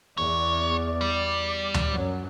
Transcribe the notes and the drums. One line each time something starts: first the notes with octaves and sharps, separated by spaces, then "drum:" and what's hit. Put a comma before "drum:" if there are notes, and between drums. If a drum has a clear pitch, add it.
E2 C#5 D5
G3
drum: tom D2
F#2 F#3